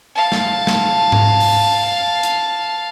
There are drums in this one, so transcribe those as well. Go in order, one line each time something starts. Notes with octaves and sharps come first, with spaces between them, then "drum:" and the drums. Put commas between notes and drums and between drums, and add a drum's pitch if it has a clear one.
F5 A5
drum: snare
drum: snare
drum: tom G#2
drum: open hi-hat
drum: hi-hat